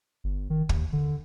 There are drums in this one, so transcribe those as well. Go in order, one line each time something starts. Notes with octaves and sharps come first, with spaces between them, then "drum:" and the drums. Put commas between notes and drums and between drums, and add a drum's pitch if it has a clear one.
G1
D#3
D#2, drum: kick
D3